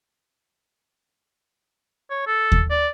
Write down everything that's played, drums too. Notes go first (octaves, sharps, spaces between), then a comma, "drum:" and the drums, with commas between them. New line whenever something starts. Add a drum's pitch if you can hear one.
C#5
A4
drum: kick D#2
D5